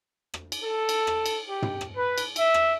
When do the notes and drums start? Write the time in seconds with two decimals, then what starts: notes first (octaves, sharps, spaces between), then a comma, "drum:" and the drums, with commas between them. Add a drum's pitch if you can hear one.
0.34 drum: rim click
0.52 drum: cymbal
0.63 A4
0.89 drum: cymbal
1.07 drum: rim click
1.26 drum: cymbal
1.47 G4
1.62 drum: tom
1.81 drum: rim click
1.95 B4
2.18 drum: cymbal
2.36 E5, drum: cymbal
2.54 drum: rim click